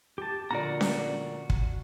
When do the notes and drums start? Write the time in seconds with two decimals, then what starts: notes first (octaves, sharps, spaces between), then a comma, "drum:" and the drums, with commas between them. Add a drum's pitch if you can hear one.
0.18 G4 A5
0.51 A#2 D3 F3 F#4 D5 A#5
0.81 drum: snare C#4
1.50 drum: kick